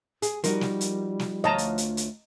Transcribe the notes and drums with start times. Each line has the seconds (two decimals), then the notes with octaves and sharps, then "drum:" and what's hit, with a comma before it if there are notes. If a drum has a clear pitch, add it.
0.22 G#4, drum: hi-hat
0.44 F3 G3 D#4 F#4 A#4, drum: hi-hat
0.61 drum: snare
0.81 drum: hi-hat
1.19 drum: snare
1.44 D2 F4 C#5 D#5 A5 A#5
1.58 drum: hi-hat
1.78 drum: hi-hat
1.97 drum: hi-hat